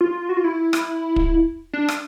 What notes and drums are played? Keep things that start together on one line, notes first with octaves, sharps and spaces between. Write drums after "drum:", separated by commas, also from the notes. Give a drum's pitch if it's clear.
F4
F#4
F4
E4
drum: rim click
drum: kick
D4
drum: rim click